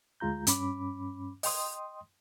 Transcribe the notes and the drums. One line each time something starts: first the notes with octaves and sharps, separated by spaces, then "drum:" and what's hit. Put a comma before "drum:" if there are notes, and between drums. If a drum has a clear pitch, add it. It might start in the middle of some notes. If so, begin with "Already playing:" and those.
D2 G#3 F4 A#5 G6
G2 C#4 B5 D6, drum: hi-hat
D#5 G5 C6 D#6, drum: open hi-hat